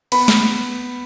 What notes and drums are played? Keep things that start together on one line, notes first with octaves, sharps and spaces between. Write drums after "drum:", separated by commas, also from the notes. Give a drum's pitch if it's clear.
B3 B5, drum: cymbal
drum: snare